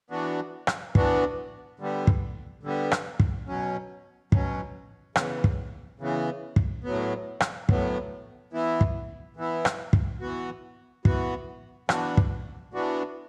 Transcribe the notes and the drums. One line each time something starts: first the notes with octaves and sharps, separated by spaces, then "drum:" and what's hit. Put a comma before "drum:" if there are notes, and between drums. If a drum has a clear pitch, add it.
E3 B3 D4 F#4
drum: rim click
E3 B3 D4 F#4, drum: kick
D3 G3 B3
drum: kick
D3 G3 B3
drum: rim click
drum: kick
B2 F#3 C#4
B2 F#3 C#4, drum: kick
C#3 E3 B3, drum: rim click
drum: kick
C#3 E3 B3
drum: kick
A2 F#3 B3
drum: rim click
A2 F#3 B3, drum: kick
E3 B3 E4
drum: kick
E3 B3 E4
drum: rim click
drum: kick
E3 B3 F#4
E3 B3 F#4, drum: kick
E3 B3 D4 F#4, drum: rim click
drum: kick
E3 B3 D4 F#4